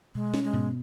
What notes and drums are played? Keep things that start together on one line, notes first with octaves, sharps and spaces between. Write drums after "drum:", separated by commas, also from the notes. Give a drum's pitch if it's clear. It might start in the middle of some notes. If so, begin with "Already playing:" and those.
B2 G#3
C#4, drum: snare
G#3
B2, drum: tom G2